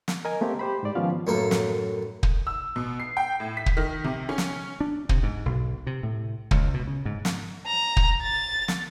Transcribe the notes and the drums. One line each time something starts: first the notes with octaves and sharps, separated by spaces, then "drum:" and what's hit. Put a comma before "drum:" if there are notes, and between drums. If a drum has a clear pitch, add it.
drum: snare
A#4 D#5 G#5 A#5
A3 A#3 C4 G4
G4 C5 B5
G#2 D5
D#3 F3 B3 C#4 F4 F5
F#2 A2 A#3 A4
drum: snare
drum: kick
E6
B2
C7
G5
A2
B6
drum: kick
D#3
C3
C#4
drum: snare
D4
C3, drum: kick
G#2
B1
C3
A2
C#2, drum: kick
B2
C#3
G#2
drum: snare
A#5
drum: kick
A6
drum: snare